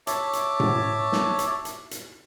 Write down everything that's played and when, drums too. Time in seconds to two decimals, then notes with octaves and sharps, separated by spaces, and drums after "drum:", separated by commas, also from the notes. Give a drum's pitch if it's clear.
0.07 C#5 E5 A5 D6, drum: hi-hat
0.33 drum: hi-hat
0.60 drum: tom A2
1.12 drum: snare
1.39 drum: hi-hat
1.65 drum: hi-hat
1.91 drum: hi-hat